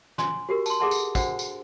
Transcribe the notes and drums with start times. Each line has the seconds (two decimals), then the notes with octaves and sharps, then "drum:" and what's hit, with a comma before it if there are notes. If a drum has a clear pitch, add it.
0.18 G#5 C6, drum: snare
0.49 F#4 G4 A#4
0.66 A5 C6, drum: tambourine
0.80 G#4 A4 E5 F#5 A5 C6
0.91 drum: tambourine
1.15 D4 F#4 C5 F#5 E6, drum: kick, tambourine
1.39 drum: tambourine